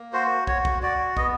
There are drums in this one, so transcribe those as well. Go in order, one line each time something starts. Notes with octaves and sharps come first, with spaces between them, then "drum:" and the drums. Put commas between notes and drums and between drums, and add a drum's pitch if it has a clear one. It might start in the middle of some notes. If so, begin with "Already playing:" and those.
Already playing: A#3
F#4 C5
F#4 C#5, drum: kick
drum: kick
F#4 D5
B3 D#5, drum: kick